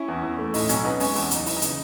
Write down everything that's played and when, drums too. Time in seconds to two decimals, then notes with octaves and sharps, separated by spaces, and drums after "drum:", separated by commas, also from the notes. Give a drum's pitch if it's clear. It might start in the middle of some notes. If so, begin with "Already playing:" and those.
Already playing: C#4 E4
0.08 E2
0.23 E2
0.38 A3
0.54 A2 D#4, drum: open hi-hat
0.69 B1 C#4, drum: hi-hat
0.85 B3 D#4
1.00 G#3 C#4, drum: open hi-hat
1.15 E2, drum: open hi-hat
1.31 F#1, drum: hi-hat
1.36 D#4
1.46 E3, drum: open hi-hat
1.57 D#4
1.62 C#3, drum: hi-hat